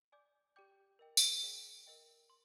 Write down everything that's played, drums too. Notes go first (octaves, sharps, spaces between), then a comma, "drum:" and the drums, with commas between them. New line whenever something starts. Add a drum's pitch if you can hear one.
D5 G#5 D6 G6
G4 D5 G5 D6 G6
A#4 D#5 G5
drum: tambourine
G#4 D5 G5
A#4 D#5 G5
C6